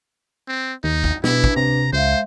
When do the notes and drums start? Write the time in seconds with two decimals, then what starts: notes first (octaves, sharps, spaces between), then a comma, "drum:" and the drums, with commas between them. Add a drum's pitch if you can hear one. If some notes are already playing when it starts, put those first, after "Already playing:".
0.48 C4
0.84 D#2 D#4
1.04 drum: kick
1.24 B2 D4 E4 B4, drum: snare
1.44 drum: kick
1.57 C3 A#5
1.93 C#2 G#3 C5 E5 F5